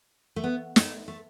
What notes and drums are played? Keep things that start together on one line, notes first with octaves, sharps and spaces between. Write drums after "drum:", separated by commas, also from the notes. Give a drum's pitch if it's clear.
A3
B3
G#3, drum: snare
A3
A3